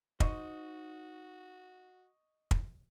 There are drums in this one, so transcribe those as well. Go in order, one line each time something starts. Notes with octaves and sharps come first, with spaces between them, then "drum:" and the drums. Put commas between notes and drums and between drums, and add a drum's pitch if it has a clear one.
D#4 F#4 C5 D#5 C#6 D#6, drum: kick
drum: kick